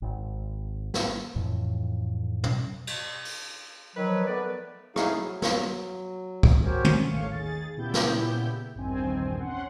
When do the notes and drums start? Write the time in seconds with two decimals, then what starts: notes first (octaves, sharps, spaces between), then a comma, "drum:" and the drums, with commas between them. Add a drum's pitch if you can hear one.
0.02 G#1
0.94 drum: snare
1.36 F2 A2 E3
2.44 drum: tom
2.87 drum: cymbal
3.25 drum: open hi-hat
3.96 D#3 F3 F#3 B4
4.28 A3 B3 D5
4.96 A3 D#4 E4 G#4 F5, drum: rim click
5.15 F#3
5.42 drum: snare
6.43 drum: kick
6.64 F#4 G4 A#4 C5 C#5 G#5
6.85 drum: tom
7.10 A1 D#2 A3 C#5 F5 C#7
7.30 D#2 G#4 A6
7.77 A#2 C#3 B3 E4 G4 G6
7.94 drum: snare
8.75 A#1 E2 G2 D#3 C4 G#5
9.40 C#4 F#5 C6